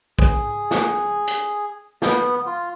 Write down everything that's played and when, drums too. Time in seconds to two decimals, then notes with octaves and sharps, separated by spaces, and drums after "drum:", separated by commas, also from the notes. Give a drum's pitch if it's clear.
0.19 G#4, drum: kick
0.71 drum: snare
1.27 drum: hi-hat
2.02 B3, drum: snare
2.46 F4